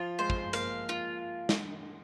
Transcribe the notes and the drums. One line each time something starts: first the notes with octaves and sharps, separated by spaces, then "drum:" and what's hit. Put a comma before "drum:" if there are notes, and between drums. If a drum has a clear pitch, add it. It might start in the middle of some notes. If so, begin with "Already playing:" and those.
Already playing: F3 F4
G#3 C5
drum: kick
A#3 F5, drum: hi-hat
F4
drum: snare